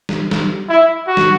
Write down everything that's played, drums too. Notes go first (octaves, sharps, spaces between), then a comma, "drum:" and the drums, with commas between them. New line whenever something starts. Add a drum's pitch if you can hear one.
drum: snare
drum: snare
E4
F#4
drum: snare